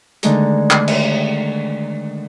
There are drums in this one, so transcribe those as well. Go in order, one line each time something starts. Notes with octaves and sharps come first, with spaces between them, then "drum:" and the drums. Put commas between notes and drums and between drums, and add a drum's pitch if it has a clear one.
D3 D#3 G#3 A3 D#4 G#4, drum: hi-hat
drum: clap
drum: cymbal